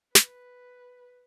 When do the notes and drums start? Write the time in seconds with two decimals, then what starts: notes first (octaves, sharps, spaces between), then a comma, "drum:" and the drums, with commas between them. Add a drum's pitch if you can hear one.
0.15 B4, drum: snare